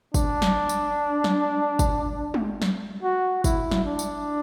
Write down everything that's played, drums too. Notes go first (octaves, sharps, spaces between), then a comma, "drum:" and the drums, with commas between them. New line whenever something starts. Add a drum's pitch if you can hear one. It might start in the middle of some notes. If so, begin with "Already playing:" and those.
D4, drum: kick, tambourine
drum: snare
drum: tambourine
drum: snare
drum: kick, tambourine
drum: tom G#3
drum: snare
F#4
E4, drum: kick, tambourine
drum: snare
D4
drum: tambourine